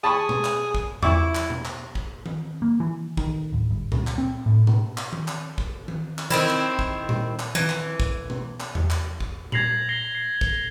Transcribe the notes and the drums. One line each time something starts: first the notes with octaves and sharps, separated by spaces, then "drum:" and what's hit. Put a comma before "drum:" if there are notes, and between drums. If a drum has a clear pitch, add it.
G#4 A5 B5 C#6
drum: tom B2
drum: clap
drum: kick A1
E4 E5 C#6 D6, drum: tom E2
drum: clap
drum: tom B2
drum: clap
drum: kick A1
drum: tom D#3
A#3
E3
D#3, drum: kick A1
D1
G1
C#2, drum: tom A#2
drum: clap
C4
A2
drum: tom B2
drum: clap
drum: tom D#3
drum: clap
drum: kick A1
drum: tom D#3
drum: clap
D#3 C4 E4, drum: tom D#3
drum: clap
drum: kick A1
drum: tom A#2
drum: clap
E3, drum: tom D#3
drum: clap
drum: kick A1
drum: tom B2
drum: clap
drum: tom E2
drum: clap
drum: kick A1
G#6 A#6 C7 F7 F#7, drum: tom A#2
A#6 C7 G7
C7
drum: kick A1